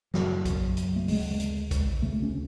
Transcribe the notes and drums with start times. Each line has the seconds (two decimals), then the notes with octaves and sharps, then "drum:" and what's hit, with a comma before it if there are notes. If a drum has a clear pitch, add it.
0.14 F#2 C#3 F#3, drum: snare
0.45 drum: kick A#1, hi-hat
0.77 drum: hi-hat
0.96 A3
1.08 D2 C#3 G#3, drum: open hi-hat
1.40 drum: hi-hat
1.71 drum: kick A#1, hi-hat
2.02 D2 C#3 A3
2.22 C#4